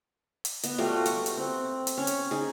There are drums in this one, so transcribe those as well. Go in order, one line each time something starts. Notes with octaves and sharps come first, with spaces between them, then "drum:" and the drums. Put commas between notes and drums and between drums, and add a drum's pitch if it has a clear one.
drum: hi-hat
B3 D#5, drum: hi-hat
G3 A3 F4 F#4
F#5 C#6, drum: hi-hat
drum: hi-hat
C4
drum: hi-hat
C#4 C#5
drum: hi-hat
D#4 G#4